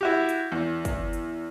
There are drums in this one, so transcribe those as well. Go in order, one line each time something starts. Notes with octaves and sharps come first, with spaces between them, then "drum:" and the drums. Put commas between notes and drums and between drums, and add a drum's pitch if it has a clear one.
E4 F#4 G4
drum: hi-hat
E2
drum: kick, hi-hat
drum: hi-hat